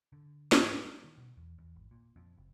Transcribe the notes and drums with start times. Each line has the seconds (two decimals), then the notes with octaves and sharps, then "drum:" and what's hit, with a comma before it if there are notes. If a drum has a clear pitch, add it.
0.12 D3
0.52 G#2, drum: snare
0.73 A#2
0.84 G3
1.04 D#3
1.18 B2
1.37 E2
1.58 E2
1.76 G#1
1.91 A#2
2.16 F2
2.37 F#1